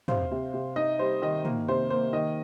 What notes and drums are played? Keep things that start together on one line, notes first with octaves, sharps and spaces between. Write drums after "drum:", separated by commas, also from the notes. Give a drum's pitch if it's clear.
C3 C5 F5, drum: tom
C3
C3
D#4 D#5
G3 C5
D#3 D#5
A#3, drum: tom
C3 C5
A#3 C5
D#3 D#5